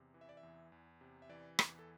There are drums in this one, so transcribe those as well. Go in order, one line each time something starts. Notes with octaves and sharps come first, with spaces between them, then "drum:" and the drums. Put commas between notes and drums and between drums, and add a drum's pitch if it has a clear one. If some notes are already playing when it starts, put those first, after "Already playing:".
Already playing: E2 C3
E3
E5
D5
E5
E2
E2
C3
E5
E3 D5
E2, drum: rim click
A4